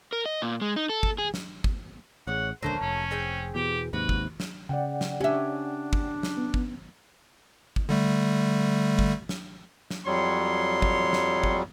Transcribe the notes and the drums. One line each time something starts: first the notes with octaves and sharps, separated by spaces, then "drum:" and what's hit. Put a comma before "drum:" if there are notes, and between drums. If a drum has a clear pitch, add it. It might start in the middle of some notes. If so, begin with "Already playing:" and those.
A#4
D#5
A#2
G#3
D#4
A4
drum: kick
G#4
drum: snare
drum: kick
A1 C#3 C#5 F#5
D#1 C#2 D3 F#3 A3 A#3 C5
F1 C#4
C4 G#4 G5
E2 B2 G4
D#2 G#2 C3 F#4 B4
drum: kick
drum: snare
C#3 D5 F#5 G5
drum: snare
C#4 D4 G4 E5
drum: kick
drum: snare
B3
drum: kick
drum: kick
D3 G3 A3
drum: kick
drum: snare
drum: snare
F2 F#3 G3 C#5 C6
drum: kick
drum: snare
drum: kick